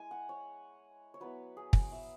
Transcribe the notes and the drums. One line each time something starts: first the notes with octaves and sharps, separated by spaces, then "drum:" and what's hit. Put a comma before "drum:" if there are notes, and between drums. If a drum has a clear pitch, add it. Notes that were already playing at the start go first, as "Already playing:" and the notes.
Already playing: G#3 E4 G#5
F#5
C#5
C#5
F#3 B3 E4 B4
G#4
drum: kick
E5